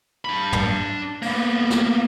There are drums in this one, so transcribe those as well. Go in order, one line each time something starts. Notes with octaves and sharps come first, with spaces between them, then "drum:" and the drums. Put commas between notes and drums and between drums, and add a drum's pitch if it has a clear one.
D4 B5
drum: tom
A#3 B3, drum: open hi-hat
drum: snare